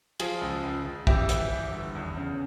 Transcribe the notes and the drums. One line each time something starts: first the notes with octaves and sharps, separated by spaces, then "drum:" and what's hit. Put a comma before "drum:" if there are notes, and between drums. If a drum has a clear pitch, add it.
F3 F4 G#4, drum: cymbal
C#2
C#2
C#2
E3 E4 G4, drum: kick
E3, drum: hi-hat
E3
G1
E2
C#3